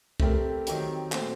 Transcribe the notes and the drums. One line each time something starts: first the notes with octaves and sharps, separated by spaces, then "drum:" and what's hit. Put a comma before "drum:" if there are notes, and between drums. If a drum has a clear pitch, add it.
A3 C4 G4 A#4, drum: kick C2
D#3 F#3 C4 G4, drum: hi-hat
A#2 A3 C4 F#4 C5, drum: clap